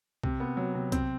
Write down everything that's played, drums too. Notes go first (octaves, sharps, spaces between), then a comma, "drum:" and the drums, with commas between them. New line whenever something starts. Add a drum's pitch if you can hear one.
C3, drum: kick
B3
F#3
C3
C4, drum: kick, hi-hat